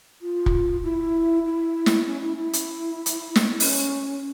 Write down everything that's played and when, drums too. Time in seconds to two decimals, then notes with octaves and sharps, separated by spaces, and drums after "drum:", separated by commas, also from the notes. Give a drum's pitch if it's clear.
0.22 F4
0.46 drum: kick
0.83 E4
1.45 E4
1.86 drum: snare
2.06 C#4
2.22 E4
2.37 E4
2.53 drum: hi-hat
3.06 drum: hi-hat
3.36 drum: snare
3.60 C#4, drum: open hi-hat